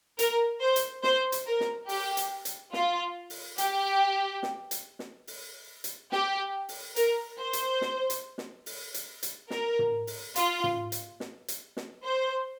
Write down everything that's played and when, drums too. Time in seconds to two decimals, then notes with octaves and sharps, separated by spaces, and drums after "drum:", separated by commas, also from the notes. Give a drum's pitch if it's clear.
0.19 A#4, drum: hi-hat
0.62 C5
0.76 drum: hi-hat
1.03 C5, drum: snare
1.32 drum: hi-hat
1.47 A#4
1.60 drum: snare
1.89 G4, drum: open hi-hat
2.17 drum: hi-hat
2.45 drum: hi-hat
2.73 F4, drum: snare
3.30 drum: open hi-hat
3.58 G4, drum: hi-hat
4.43 drum: snare
4.71 drum: hi-hat
4.99 drum: snare
5.27 drum: open hi-hat
5.84 drum: hi-hat
6.12 G4, drum: snare
6.69 drum: open hi-hat
6.96 A#4, drum: hi-hat
7.39 C5
7.53 drum: hi-hat
7.81 drum: snare
8.10 drum: hi-hat
8.38 drum: snare
8.66 drum: open hi-hat
8.94 drum: hi-hat
9.23 drum: hi-hat
9.50 A#4, drum: snare
9.79 drum: tom
10.07 drum: open hi-hat
10.36 F4, drum: hi-hat
10.64 drum: tom
10.92 drum: hi-hat
11.20 drum: snare
11.48 drum: hi-hat
11.77 drum: snare
12.05 C5